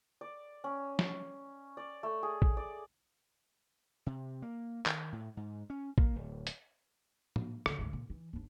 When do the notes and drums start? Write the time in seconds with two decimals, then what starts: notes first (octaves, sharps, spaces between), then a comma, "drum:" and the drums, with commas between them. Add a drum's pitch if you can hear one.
0.21 D5
0.64 C#4
0.99 drum: snare
1.77 D5
2.03 A3
2.23 G#4
2.42 drum: kick
2.57 D5
4.06 C3
4.42 A#3
4.86 D#3, drum: clap
5.13 A2
5.37 G#2
5.70 C#4
5.98 A#3, drum: kick
6.16 D1
6.47 drum: hi-hat
7.36 drum: tom
7.66 D2, drum: rim click
7.79 D2 G#2
7.93 A#2
8.10 E3
8.33 G1 D4